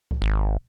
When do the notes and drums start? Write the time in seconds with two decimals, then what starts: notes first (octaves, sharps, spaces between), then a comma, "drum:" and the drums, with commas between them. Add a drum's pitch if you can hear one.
0.11 drum: kick C2
0.22 G#1